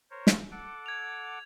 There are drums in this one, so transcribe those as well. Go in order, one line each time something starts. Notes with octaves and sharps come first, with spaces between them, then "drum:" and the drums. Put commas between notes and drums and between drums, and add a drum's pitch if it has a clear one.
A#4 C5 C#5
drum: snare
A4 F#5 D6
G#6 F7